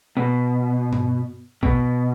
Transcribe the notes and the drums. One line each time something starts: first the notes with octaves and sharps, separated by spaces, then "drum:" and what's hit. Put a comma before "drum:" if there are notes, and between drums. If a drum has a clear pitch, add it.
B2
drum: tom G2
B2, drum: kick A#1